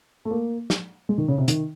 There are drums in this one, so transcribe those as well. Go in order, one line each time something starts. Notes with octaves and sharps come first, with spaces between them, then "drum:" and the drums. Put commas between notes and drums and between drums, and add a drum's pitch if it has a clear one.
A3
A#3
drum: snare
G#3
D#3
C#3
C3
D#3, drum: hi-hat